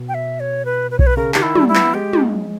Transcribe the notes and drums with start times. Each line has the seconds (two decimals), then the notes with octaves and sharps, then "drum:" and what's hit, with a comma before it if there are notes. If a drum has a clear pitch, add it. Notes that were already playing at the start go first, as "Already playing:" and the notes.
Already playing: B2
0.08 G5
0.14 E5
0.40 C#5
0.65 B4
0.91 B4
0.99 C#5, drum: kick B1
1.07 B4
1.17 C#3 A#4
1.34 D#3 G4, drum: clap
1.42 E4
1.55 G3, drum: tom
1.68 E4
1.75 B3, drum: clap
1.94 G#3 G4
2.13 drum: tom